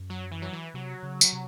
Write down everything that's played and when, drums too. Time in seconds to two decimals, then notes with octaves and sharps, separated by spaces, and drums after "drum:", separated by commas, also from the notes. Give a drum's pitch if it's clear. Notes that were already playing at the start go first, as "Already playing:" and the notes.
Already playing: F#2
0.10 F#3
0.31 E3
0.42 F#3
0.53 E3
0.74 C3 F#3
1.03 C#3
1.21 drum: tambourine
1.33 C3